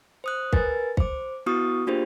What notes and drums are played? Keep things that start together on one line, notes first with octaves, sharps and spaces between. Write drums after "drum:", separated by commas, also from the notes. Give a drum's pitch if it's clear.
C5 D#6 F#6
A#4 B4 G#5 A6, drum: kick
C5 D6, drum: kick
B3 E4 F#4 C#6 D#6
A#3 D4 F4 G4 G#4 C5